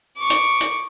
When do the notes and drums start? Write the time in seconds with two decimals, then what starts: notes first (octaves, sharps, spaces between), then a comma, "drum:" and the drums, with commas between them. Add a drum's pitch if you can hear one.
0.17 C#6 D6
0.30 drum: hi-hat
0.61 drum: hi-hat